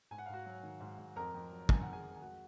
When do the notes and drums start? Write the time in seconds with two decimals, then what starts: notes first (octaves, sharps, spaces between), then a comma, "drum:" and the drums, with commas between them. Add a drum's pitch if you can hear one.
0.11 G#2 G#5
0.18 F#5
0.26 G#2 F5
0.33 F#4 F#5
0.46 F#3
0.63 D#3
0.80 G#2
0.98 G#2
1.16 F2 A#4 A#5
1.34 F2
1.51 F#3
1.69 D#3 G#5, drum: kick
1.81 F#5
1.86 F2
1.93 G#4 G#5
2.04 F2
2.16 G#5
2.21 G#3 F#4 F#5